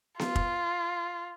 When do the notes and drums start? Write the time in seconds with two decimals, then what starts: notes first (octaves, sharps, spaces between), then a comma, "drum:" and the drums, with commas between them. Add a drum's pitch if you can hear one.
0.19 F4, drum: snare B3
0.36 drum: kick